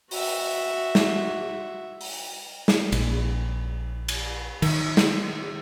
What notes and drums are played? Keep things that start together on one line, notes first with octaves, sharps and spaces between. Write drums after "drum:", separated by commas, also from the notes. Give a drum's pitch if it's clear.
F#4 E5, drum: open hi-hat
drum: snare
drum: open hi-hat
drum: snare
A#1, drum: cymbal
drum: cymbal
D#3, drum: cymbal
drum: snare